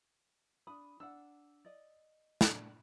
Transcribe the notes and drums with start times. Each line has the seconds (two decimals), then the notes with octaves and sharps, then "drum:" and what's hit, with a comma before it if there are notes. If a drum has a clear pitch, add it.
0.67 D4 B5 D#6
1.00 D4 F#5 E6
1.65 D5 D#5
2.41 D4, drum: snare